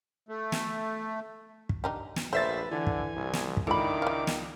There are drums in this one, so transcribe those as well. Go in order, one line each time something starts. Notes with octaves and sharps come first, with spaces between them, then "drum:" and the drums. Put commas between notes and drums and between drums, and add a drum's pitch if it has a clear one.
A3
drum: snare
drum: kick
D4 D#4 G4
drum: snare
A#1 A3 B4 C5 E5 A6
D3 E3 G#5
drum: kick
C2
drum: snare
drum: kick
C#2 D#3 D4 E4 A4 B5 D6
D#4 F5
drum: snare